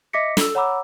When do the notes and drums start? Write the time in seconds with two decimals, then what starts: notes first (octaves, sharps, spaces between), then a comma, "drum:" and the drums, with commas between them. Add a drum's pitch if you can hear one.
0.13 D#5 E5 D6 A#6 B6 C#7
0.37 A4 E6, drum: snare
0.55 C#5 F#5 A#5 B5 D6 E6